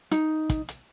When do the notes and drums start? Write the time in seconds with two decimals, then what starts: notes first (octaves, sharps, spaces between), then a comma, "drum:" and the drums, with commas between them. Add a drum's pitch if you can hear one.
0.11 D#4, drum: hi-hat
0.50 drum: kick, hi-hat
0.69 drum: hi-hat